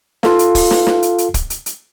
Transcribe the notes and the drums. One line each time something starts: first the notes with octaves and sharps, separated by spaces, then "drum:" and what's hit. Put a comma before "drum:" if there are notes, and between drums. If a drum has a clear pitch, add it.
F4 A4 F5, drum: snare
drum: hi-hat
drum: kick, open hi-hat
drum: snare
drum: snare
drum: hi-hat
drum: hi-hat
drum: kick, hi-hat
drum: hi-hat
drum: hi-hat